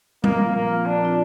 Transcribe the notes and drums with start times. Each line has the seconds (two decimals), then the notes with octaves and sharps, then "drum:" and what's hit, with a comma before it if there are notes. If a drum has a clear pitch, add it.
0.24 A#2 A#3, drum: tom G3
0.39 F3 C4 F4
0.54 A#2 A#3
0.70 F3 C4 F4
0.86 F3 D4
1.01 C4 F4